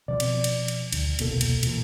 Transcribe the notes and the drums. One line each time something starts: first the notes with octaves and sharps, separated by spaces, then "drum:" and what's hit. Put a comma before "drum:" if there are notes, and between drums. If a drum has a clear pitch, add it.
B2 F3 C4 D5
drum: cymbal
drum: cymbal
drum: cymbal
D2, drum: cymbal
E1 C2 B2 A#3 A4, drum: cymbal
drum: cymbal
A#2 E3, drum: cymbal